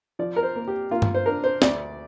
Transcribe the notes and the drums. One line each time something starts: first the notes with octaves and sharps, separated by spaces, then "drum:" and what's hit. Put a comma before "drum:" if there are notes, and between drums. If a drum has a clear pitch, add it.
F3 D5
A#4
C5
A#3
G4
A#3 F4
drum: tom G2
C5
D4 A#4
C5
D2 D5, drum: snare